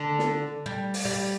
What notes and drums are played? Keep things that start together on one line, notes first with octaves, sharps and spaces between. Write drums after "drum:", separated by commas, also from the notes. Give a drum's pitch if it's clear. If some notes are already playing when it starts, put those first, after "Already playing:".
Already playing: D3
drum: snare
G3
drum: open hi-hat
G3